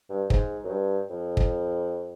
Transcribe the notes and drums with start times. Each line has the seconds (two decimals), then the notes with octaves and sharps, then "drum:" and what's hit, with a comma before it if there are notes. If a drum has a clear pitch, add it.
0.10 G2
0.30 G#2, drum: kick
0.64 F#2
0.70 G2
1.10 F2
1.37 drum: kick